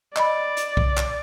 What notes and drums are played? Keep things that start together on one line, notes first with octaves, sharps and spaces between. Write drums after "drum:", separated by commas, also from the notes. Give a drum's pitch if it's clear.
D5 D#5 B5, drum: clap
drum: hi-hat
drum: kick B1
drum: clap